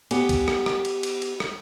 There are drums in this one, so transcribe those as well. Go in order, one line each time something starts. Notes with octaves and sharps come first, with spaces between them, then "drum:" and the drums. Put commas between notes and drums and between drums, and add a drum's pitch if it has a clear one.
B3 G4 F#5 G#5, drum: cymbal
drum: kick, cymbal
drum: rim click
drum: rim click
drum: cymbal
drum: cymbal
drum: cymbal
drum: rim click